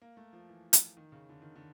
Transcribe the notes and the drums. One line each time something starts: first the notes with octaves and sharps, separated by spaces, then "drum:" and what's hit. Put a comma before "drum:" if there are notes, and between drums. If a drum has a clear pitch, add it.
A#3
A3
F3
E3
drum: hi-hat
D#3
C#3
D3
D#3
D3